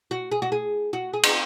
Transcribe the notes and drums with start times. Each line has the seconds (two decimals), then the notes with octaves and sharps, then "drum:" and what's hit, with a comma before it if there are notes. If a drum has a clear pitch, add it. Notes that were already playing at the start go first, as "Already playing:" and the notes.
0.11 F#4
0.32 G#4
0.42 F#4
0.52 G#4
0.93 F#4
1.13 G#4
1.23 drum: cymbal